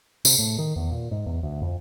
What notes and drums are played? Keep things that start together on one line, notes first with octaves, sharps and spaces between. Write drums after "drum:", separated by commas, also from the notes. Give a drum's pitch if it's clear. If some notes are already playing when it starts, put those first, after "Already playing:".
C3, drum: tambourine
A2
D#3
E2
A#2
G#2
E2
D2
F2